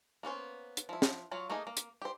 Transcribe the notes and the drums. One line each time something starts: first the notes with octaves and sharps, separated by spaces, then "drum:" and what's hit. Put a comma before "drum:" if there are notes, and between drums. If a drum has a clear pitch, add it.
A#3 B3 C#4 C5
drum: hi-hat
F3 E4
drum: snare
F#3 F4 C#5
A3 A#3 D#4 G#4 D#5
A#3
drum: hi-hat
G4 C5